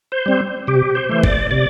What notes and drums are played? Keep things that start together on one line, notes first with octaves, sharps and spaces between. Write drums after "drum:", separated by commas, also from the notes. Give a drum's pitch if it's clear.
C5
G3 C4
C3 G4
C5
E3 A3
D5, drum: kick
C3 D5